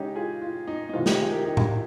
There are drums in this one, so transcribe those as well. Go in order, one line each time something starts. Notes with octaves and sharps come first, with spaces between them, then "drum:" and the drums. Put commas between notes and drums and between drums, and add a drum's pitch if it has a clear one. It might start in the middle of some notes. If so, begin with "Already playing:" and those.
Already playing: C#3 G#3 C#4 D#4 G4
F4 G#4
F4
D#4
D#4
C3 D#3 G#3 C4 F4
D#4 G4, drum: snare
F4 G#4
G4 A#4
D#4 G4
drum: tom A2
F4